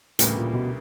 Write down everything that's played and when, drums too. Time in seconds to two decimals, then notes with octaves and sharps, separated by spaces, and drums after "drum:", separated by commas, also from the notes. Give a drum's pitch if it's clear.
0.19 D2 A2 C#3 E3 G3 A#3, drum: hi-hat
0.37 A#2
0.54 B2